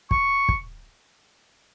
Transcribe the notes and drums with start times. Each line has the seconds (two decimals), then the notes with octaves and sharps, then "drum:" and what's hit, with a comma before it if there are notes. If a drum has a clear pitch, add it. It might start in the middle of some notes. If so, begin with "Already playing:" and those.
0.11 C#6, drum: kick
0.49 drum: kick